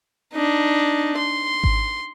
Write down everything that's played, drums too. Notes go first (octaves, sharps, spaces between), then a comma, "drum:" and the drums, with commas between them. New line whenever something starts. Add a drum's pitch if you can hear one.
D4 D#4
C6
drum: kick G#1